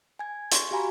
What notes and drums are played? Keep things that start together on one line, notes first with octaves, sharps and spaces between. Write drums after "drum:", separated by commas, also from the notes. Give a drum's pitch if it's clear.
G#5 G#6
C6 C#6, drum: hi-hat
F#4 G4 F5 G#5 A#5 B5